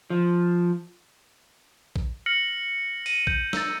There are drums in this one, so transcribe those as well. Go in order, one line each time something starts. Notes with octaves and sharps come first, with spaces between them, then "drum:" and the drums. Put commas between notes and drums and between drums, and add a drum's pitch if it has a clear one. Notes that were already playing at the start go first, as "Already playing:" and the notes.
F3
drum: kick
F6 A#6 C#7 F#7
D#7, drum: open hi-hat
G6, drum: kick
E6 A6, drum: snare